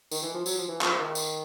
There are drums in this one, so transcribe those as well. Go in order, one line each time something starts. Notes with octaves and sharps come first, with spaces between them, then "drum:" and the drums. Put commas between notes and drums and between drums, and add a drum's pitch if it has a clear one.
D#3, drum: tambourine
E3
F3
F#3, drum: tambourine
F3
E3
F3, drum: clap
D#3
drum: tambourine